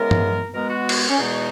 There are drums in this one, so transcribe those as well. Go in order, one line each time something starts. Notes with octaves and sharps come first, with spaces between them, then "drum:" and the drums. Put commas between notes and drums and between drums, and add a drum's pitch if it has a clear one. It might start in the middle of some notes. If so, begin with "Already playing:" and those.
Already playing: C#3 E3 G#3 B3 A#4
drum: tom G2
B2 G#3 B3 A#4
F#4
drum: cymbal
C#4
E2 B2 G#3 B3 D#4